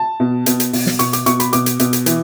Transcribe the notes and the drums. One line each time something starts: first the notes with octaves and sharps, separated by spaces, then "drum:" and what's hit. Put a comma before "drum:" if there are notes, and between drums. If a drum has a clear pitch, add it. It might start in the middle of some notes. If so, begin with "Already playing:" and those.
Already playing: A5
B2
B2, drum: hi-hat
drum: hi-hat
B2, drum: open hi-hat
drum: snare
B2 C#6, drum: hi-hat
D6, drum: hi-hat
B2 C#6, drum: hi-hat
B5, drum: hi-hat
B2 D6, drum: hi-hat
drum: hi-hat
B2, drum: hi-hat
drum: hi-hat
E3, drum: hi-hat